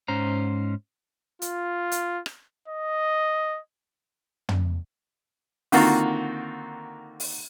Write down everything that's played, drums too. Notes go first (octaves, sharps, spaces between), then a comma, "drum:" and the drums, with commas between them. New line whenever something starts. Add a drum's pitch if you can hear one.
G#2 C#4 C5 A#5
F4, drum: hi-hat
drum: hi-hat
drum: rim click
D#5
drum: tom
D3 D#3 A#3 C4 F4 F#4, drum: open hi-hat
drum: open hi-hat